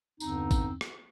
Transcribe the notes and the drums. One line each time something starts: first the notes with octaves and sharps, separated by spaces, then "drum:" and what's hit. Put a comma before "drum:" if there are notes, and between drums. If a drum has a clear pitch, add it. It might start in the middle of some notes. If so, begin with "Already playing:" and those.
E2 G2 D3 C4 D#4, drum: tambourine
drum: kick A1, tambourine
drum: rim click